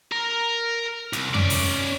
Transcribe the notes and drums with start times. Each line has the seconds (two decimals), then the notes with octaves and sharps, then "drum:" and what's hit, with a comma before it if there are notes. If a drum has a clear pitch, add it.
0.12 A#4
1.13 C2, drum: hi-hat
1.34 C#4 D5, drum: tom F2
1.50 drum: open hi-hat